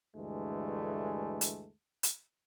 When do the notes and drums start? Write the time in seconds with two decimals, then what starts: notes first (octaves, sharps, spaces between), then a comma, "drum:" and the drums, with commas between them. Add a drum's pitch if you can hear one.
0.17 D2 G2 E3 G#3 A3
1.41 drum: hi-hat
2.03 drum: hi-hat